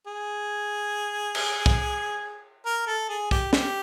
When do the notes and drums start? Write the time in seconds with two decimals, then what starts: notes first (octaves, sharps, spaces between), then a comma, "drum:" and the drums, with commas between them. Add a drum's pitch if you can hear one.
0.07 G#4
1.35 drum: cymbal
1.66 drum: kick
2.65 A#4
2.87 A4
3.09 G#4
3.31 G4, drum: kick
3.53 G4, drum: snare